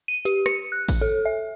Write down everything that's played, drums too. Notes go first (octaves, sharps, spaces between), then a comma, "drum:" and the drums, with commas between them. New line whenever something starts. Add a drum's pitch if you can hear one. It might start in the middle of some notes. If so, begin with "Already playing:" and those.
D#7
G4, drum: hi-hat
C#7, drum: rim click
F#6
drum: kick A1, open hi-hat
A4
E5